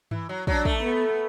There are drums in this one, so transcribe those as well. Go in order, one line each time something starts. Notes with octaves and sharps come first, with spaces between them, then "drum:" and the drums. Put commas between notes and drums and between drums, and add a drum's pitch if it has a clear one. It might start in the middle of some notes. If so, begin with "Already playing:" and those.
E3, drum: tom G2
F#3
F#3 D4, drum: kick
A3, drum: kick
B3